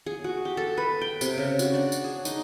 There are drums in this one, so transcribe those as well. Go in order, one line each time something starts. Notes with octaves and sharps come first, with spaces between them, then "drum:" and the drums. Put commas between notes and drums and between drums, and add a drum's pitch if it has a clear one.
G#4
F#4
G4
A4
B4
G5
C3, drum: tambourine
C#3
F#4, drum: tambourine
D4
drum: tambourine
G#4
D#4, drum: tambourine